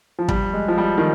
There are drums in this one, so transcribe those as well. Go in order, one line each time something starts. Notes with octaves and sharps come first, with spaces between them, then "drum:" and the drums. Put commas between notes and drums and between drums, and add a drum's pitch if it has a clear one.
F3
G3, drum: kick
G#3
F3
G3
D#3